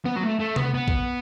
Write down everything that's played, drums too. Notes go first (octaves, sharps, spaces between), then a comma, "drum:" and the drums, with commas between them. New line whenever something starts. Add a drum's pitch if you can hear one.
B3
F#3
A3
A3
B3, drum: tom C3
B3
drum: kick A1